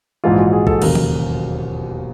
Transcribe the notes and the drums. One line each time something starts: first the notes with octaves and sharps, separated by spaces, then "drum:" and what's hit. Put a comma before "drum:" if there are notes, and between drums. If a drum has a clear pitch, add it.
A#1 G#2 E3 G#3 F4
F#4
G#4
A4, drum: kick A#1
E1 D#2 C#3 F#3 A#4, drum: cymbal
drum: tom E3